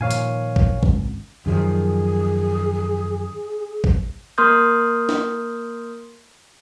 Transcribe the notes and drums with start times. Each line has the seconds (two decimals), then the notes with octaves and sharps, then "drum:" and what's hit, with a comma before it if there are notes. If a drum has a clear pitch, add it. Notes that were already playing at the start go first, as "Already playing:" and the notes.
0.01 A#2 D#3 F3 C#5 F5 G#5
0.11 drum: hi-hat
0.56 drum: kick A1
0.83 G#1 C#2, drum: kick A1
1.46 F#2 D#3 F3 G#4
3.84 drum: kick A1
4.38 A#3 A#4 C6 D#6 F6 G6
5.09 drum: snare